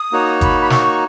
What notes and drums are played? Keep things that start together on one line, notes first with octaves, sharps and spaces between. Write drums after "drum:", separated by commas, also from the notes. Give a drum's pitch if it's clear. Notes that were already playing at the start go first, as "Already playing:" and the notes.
Already playing: D#6
A#3 D#4 F#4 C#5
B5, drum: kick G1, hi-hat
B5
C#6, drum: snare